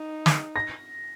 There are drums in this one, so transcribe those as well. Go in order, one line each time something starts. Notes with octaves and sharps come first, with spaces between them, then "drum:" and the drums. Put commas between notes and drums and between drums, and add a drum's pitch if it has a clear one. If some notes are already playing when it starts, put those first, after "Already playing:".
Already playing: D#4
drum: snare
A#6